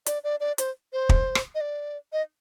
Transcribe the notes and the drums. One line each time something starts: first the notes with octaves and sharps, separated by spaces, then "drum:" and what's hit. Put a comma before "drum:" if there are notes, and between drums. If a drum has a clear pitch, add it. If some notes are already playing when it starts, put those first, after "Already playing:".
D5, drum: hi-hat
D5
D5
C5, drum: hi-hat
C5
drum: kick
drum: rim click
D#5
D5
D#5